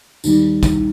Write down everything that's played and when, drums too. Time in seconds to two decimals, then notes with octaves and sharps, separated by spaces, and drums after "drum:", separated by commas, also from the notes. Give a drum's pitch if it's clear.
0.24 D#2 D#3 G3, drum: tambourine
0.63 drum: kick G1, tambourine